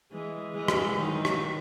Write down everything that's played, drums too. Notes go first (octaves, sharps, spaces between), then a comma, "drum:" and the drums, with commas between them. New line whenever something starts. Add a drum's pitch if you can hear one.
E3 G#3
E3 G#3
drum: rim click
D#3 F#3
drum: rim click